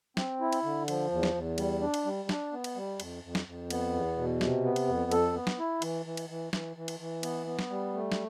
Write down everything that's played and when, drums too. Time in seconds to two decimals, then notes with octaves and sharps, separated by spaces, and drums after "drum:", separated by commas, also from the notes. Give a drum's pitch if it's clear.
0.17 C4, drum: snare
0.41 E4
0.53 drum: cymbal
0.64 D3
0.88 F3, drum: cymbal
1.12 E2
1.23 drum: snare
1.35 E2
1.58 G3, drum: cymbal
1.81 D4
1.94 drum: cymbal
2.05 G3
2.29 D4, drum: snare
2.53 B3
2.64 drum: cymbal
2.76 G3
3.00 F2, drum: cymbal
3.24 F2
3.35 drum: snare
3.47 F2
3.70 B3, drum: cymbal
3.94 E2
4.17 B2
4.41 C3, drum: snare
4.64 B3
4.76 drum: cymbal
4.88 F2
5.11 A4, drum: cymbal
5.35 B3
5.47 drum: snare
5.59 E4
5.82 E3, drum: cymbal
6.06 E3
6.17 drum: cymbal
6.29 E3
6.53 E3, drum: snare
6.77 E3
6.88 drum: cymbal
7.00 E3
7.23 B3, drum: cymbal
7.47 B3
7.59 drum: snare
7.70 G3
7.94 A3
8.12 drum: snare